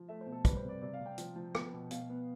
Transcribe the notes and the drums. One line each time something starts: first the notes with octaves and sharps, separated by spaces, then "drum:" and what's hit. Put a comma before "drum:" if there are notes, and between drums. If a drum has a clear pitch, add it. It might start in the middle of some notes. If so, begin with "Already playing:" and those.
Already playing: F3
A3 E5
C5
B2
A4
G3 B4, drum: kick, hi-hat
C5
C3 D5
C3 D5
F5
C3
G5
F3, drum: hi-hat
F3
B3, drum: rim click
B2
B2 F5, drum: hi-hat
B3